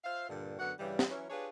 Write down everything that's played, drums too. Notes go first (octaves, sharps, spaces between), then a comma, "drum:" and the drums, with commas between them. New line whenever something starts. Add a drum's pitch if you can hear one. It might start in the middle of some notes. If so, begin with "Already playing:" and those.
F4 C5 E5 F5
G2 A#2 D3
F#2 D3 B3 F#4 F#5
G2 C#3 E3 G3
drum: snare
E3 F#3 C#4
D4 F4 G4 G#4 B4 C#5